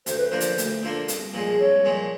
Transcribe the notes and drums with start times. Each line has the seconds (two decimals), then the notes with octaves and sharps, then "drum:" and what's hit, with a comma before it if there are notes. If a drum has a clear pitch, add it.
0.06 D2 C5, drum: hi-hat
0.17 B4
0.29 D3 F3 A#3 D4 C5
0.40 drum: hi-hat
0.58 D2, drum: hi-hat
0.83 D3 F3 A#3 D4
1.08 C2, drum: hi-hat
1.34 A#2 F3 G#3
1.59 C2 C#5
1.85 A#2 F3 G#3